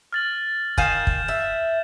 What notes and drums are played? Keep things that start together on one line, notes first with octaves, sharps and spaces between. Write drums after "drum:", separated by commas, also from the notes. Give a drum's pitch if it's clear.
F6 A6 F#7
D#3 F5 G#5 F6 G6 E7, drum: kick
drum: kick
E5